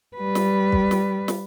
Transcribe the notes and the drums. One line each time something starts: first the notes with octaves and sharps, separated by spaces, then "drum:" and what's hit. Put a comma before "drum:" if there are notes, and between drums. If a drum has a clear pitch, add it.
G3 B4
drum: snare
drum: kick
drum: snare
drum: snare